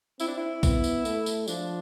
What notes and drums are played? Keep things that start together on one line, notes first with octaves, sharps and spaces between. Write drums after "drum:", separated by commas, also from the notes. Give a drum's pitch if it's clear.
C4 E4, drum: tambourine
D4
E4
B3, drum: kick, tambourine
drum: tambourine
A3, drum: tambourine
drum: tambourine
F3 D4, drum: tambourine